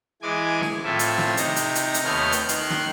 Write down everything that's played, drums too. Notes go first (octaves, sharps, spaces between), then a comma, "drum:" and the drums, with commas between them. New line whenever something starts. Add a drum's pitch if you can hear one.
E3 G#3 G#5 D6
drum: snare
A2 C4 F4 A4 E5
drum: hi-hat
drum: snare
C3 D#4 A#6, drum: hi-hat
drum: hi-hat
drum: hi-hat
drum: hi-hat
D#2 A3 B3 C#5 F6 G6
drum: hi-hat
D#3 C6 F#6, drum: hi-hat
drum: snare